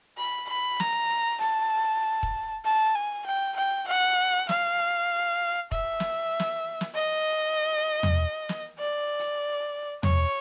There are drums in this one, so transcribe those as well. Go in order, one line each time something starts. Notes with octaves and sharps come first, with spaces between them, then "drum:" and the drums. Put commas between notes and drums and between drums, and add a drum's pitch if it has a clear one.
B5
B5
A#5, drum: snare
A5, drum: hi-hat
drum: kick
A5
G#5
G5
G5
F#5
F5, drum: snare
E5, drum: kick
drum: snare
drum: snare
drum: snare
D#5
drum: tom
drum: snare
D5
drum: hi-hat
C#5, drum: tom